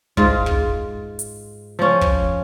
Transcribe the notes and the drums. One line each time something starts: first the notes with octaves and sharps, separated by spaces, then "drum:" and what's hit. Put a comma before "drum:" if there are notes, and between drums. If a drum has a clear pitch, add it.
G#2 F4, drum: kick
drum: kick
drum: hi-hat
F3 C#4
drum: kick